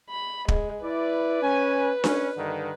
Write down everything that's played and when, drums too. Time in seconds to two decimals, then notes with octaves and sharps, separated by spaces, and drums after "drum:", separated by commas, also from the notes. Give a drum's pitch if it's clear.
0.10 B5
0.48 G#3, drum: kick
0.84 E4 B4 D5
1.43 C#4 G#5
2.04 C#4, drum: snare D4
2.37 G2 D3 D#3